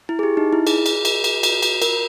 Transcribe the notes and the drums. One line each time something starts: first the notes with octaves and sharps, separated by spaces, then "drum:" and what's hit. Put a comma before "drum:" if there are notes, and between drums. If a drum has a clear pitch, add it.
E4
G#4
G4
D#4
E4
G#4, drum: cymbal
drum: cymbal
drum: cymbal
drum: cymbal
drum: cymbal
drum: cymbal
A#4, drum: cymbal